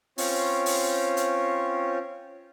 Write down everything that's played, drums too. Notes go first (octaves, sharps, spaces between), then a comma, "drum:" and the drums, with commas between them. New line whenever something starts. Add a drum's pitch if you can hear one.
C4 C#4 F4 C#5, drum: open hi-hat
drum: open hi-hat
drum: hi-hat